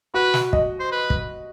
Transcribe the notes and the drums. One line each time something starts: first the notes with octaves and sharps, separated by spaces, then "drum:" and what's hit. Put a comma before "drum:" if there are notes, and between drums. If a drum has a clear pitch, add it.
F#4 B4
drum: snare
D#5, drum: kick
C5
B4
drum: kick